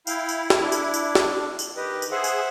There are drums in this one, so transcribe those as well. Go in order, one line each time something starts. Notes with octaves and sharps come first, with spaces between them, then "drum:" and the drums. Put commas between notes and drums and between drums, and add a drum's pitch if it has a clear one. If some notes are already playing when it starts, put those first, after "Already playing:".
E4 F5 G5, drum: tambourine
drum: tambourine
drum: snare
D4
drum: tambourine
drum: tambourine
drum: snare
drum: tambourine
D#3 G4 B4 D#5
drum: tambourine
G#4 C5 E5 F#5
drum: tambourine